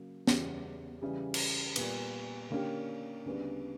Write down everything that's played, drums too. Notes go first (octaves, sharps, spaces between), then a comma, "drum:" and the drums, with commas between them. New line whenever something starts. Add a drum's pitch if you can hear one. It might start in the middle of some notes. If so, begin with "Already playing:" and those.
Already playing: C#3 F#3 A#3
E2 C#3 G3 C#4 G4, drum: snare
C#3 E3 G3
drum: cymbal
A#2 G3 B3, drum: cymbal
D3 A#3 C#4 G4
D2 C#3 G3 B3 D4